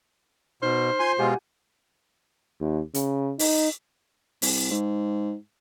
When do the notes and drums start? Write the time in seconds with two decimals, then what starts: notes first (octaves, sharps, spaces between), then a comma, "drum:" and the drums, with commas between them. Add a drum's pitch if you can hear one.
0.62 B2 D#4 C5 F6
1.00 F4 G#5 C6 G6
1.19 B2 G#3 F4 G4 F#5 G#5
2.60 D#2
2.94 C#3, drum: hi-hat
3.39 D#4, drum: open hi-hat
4.42 C2, drum: open hi-hat
4.71 G#2